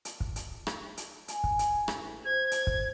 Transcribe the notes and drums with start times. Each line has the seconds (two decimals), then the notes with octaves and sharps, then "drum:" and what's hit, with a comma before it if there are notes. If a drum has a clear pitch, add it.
0.05 drum: hi-hat
0.20 drum: kick
0.36 drum: hi-hat
0.67 drum: rim click
0.97 drum: hi-hat
1.28 G#5, drum: hi-hat
1.44 drum: kick
1.59 drum: hi-hat
1.88 A1, drum: rim click
2.25 C5 G#6
2.51 drum: hi-hat
2.67 drum: kick